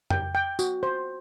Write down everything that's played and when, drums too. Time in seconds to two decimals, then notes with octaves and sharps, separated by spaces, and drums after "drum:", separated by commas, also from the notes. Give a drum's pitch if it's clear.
0.10 G5, drum: tom F2
0.35 G5
0.59 F#4, drum: tambourine
0.83 C5